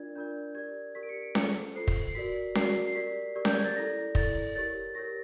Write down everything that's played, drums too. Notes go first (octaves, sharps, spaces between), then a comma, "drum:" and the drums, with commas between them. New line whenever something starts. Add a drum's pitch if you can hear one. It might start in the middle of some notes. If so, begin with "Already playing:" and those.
Already playing: D4 F4 A#4 D5 G#6
D4 F4 A#4 D5 G6
G4 A#4 D5 G#6
G4 A#4 D5 B6
D7
C#7
D7
F4 A4 C5 C#7, drum: snare C#4
F4 A4 C5 C7
drum: kick
C7
F#4 A#4 D5 B6
F#4 A#4 D5 C7, drum: snare C#4
C7
G4 A#4 D5 B6
G4 A#4 D5
G6, drum: snare C#4
G#6
A6
E4 A4 D5 A#6
E4 A4 D5 A6, drum: kick
G4 A#4 C#5 A6
G4 A#4 C#5 A#6